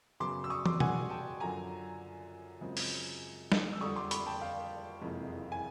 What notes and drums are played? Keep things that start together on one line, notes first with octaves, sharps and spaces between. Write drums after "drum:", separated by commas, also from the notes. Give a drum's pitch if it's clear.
F#2 C#3 F#3 B3 C6 D6
E6
C#6 D#6
C6 D6, drum: tom
F#5 G#5, drum: tom B2
G5 A5
F#2 D3 F3 G#5 A#5
F#2 C#3 F3 G#3 C4
drum: open hi-hat
drum: snare
E6
F2 D3 G3 C#6 D#6
C6 D6
B5 C#6, drum: hi-hat
G5 A5
F5 G5
F#1 F2 C3 E3 G#3
G#5